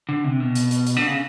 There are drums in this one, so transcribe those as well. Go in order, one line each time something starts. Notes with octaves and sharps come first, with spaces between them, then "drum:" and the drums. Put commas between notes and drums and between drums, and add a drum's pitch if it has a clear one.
D3
C3
B2
drum: hi-hat
drum: hi-hat
drum: hi-hat
D3
C#3